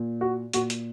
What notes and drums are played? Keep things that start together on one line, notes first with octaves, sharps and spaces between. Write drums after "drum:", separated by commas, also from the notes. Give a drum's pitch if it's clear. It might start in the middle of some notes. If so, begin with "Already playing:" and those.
Already playing: A#2
F#4
A#2 F#4, drum: hi-hat
drum: hi-hat